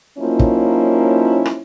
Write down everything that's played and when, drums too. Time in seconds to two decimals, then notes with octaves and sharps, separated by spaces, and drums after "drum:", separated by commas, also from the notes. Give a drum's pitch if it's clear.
0.18 F3 F#3 A#3 C#4 D#4 E4
0.39 drum: kick
1.45 drum: rim click